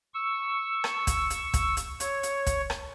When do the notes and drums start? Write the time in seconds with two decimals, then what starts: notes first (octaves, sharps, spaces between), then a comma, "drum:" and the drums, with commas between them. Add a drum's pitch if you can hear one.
0.14 C#6 E6
0.84 drum: rim click
1.07 drum: kick, hi-hat
1.30 drum: hi-hat
1.54 drum: kick, hi-hat
1.77 drum: hi-hat
2.00 C#5, drum: hi-hat
2.23 drum: hi-hat
2.46 drum: kick, hi-hat
2.70 drum: rim click